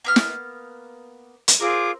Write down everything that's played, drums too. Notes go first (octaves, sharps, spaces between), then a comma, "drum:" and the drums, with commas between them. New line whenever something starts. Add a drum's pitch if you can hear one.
A#3 B3 F6
drum: snare
drum: hi-hat
C4 F4 G#4 A#4 D6